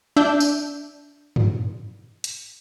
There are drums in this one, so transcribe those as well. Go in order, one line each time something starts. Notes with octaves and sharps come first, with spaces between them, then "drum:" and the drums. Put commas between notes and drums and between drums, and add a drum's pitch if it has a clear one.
D4 E5 G6
drum: tambourine
drum: tom
drum: hi-hat